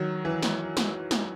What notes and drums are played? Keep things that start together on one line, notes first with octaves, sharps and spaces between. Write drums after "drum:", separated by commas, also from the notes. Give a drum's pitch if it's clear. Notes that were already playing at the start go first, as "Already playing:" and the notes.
Already playing: D#3 F#3
E3
drum: snare
drum: snare
drum: snare